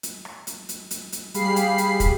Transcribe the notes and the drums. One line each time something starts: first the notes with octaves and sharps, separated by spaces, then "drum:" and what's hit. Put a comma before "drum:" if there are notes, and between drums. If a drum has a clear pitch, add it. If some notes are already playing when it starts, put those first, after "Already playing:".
drum: hi-hat
drum: rim click
drum: hi-hat
drum: hi-hat
drum: hi-hat
drum: hi-hat
G3 G4 G#4 F5 B5 C7, drum: hi-hat
drum: hi-hat
drum: hi-hat
drum: kick, hi-hat